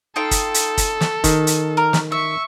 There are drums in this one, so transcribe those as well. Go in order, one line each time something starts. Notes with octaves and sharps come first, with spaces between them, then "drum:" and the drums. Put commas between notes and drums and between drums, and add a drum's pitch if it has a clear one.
D#4 F4 A4 G5
drum: kick, hi-hat
drum: hi-hat
drum: kick, hi-hat
drum: snare
D#3, drum: kick, hi-hat
drum: hi-hat
A#4
drum: snare
E5 C#6